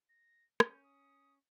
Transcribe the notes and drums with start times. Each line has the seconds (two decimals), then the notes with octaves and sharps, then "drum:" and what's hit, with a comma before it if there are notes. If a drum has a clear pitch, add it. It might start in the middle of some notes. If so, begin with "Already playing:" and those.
0.09 A#6
0.60 C#4 G6, drum: rim click
0.84 D#6